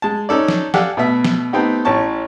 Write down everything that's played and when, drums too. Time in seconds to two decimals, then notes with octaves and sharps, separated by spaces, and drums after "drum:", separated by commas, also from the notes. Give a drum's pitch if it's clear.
0.02 G#3 A5
0.29 C#4 D#4 A4 D5
0.48 drum: snare
0.74 G4 A4 D5 F5 F#5 G#5, drum: snare
0.97 B2 A3 B3 E5
1.25 drum: snare
1.53 A3 B3 C4 D#4 G4
1.85 A1 A2 C#4 A5 C#6